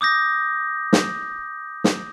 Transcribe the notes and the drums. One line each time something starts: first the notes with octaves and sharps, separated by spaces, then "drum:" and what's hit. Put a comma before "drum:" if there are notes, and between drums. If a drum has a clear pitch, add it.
D6 D#6 G6 A#6
drum: snare
drum: snare